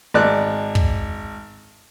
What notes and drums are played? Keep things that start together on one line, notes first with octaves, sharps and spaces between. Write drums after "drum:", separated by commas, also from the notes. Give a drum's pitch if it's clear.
G#1 D5 F#6
drum: kick